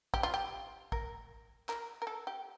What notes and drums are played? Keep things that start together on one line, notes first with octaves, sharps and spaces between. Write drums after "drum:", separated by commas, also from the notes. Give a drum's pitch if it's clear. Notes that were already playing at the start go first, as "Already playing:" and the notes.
G4, drum: kick
F4
G4
A#4, drum: kick
A#4, drum: clap
A#4
A4
G4